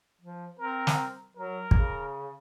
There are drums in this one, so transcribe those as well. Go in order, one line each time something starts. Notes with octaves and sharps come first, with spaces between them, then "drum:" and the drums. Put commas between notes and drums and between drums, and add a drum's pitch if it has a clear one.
F3
C4 A#4
drum: snare
F#3 A#4
C#3, drum: kick